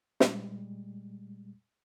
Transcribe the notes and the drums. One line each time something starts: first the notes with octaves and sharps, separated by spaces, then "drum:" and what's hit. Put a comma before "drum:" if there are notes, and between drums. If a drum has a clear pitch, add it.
A#2 G3 G#3, drum: snare